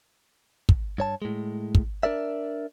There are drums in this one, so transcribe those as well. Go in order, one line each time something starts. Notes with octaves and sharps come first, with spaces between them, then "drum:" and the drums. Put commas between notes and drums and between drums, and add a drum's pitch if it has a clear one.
drum: kick
G2 C#5 A5
A2 G#3
drum: kick
D4 A#4 D5 E5